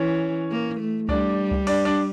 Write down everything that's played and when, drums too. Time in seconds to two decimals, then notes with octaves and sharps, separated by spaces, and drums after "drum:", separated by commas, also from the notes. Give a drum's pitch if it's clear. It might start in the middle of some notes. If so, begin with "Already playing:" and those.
Already playing: E3 C#4 C#5
0.51 A#3
0.80 A3
1.09 G3 D4 D5, drum: kick C#2
1.51 drum: kick C#2
1.67 D4 D5, drum: cymbal
1.85 D4 D5